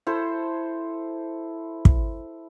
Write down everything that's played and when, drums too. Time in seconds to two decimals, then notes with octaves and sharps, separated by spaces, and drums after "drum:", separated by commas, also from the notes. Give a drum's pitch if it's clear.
0.07 E4 A4 C5
1.85 drum: kick